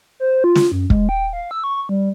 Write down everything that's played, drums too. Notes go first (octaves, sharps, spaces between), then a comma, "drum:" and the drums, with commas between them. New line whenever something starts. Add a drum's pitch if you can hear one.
C5
F4
drum: snare
F#2
G#3, drum: kick
G5
F5
E6
C#6
G3